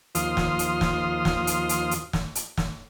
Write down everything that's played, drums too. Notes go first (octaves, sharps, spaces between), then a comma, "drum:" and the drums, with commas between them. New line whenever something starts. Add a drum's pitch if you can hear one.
D#2 F3 F4 C6 D#6 F6, drum: hi-hat
drum: snare
drum: hi-hat
drum: snare
drum: snare
drum: hi-hat
drum: hi-hat
drum: hi-hat
drum: snare
drum: hi-hat
drum: snare